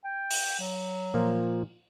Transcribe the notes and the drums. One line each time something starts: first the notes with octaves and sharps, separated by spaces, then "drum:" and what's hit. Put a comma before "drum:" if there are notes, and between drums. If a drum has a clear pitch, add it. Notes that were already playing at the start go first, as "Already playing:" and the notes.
G5
drum: open hi-hat
F#3
A#2 F3 A#3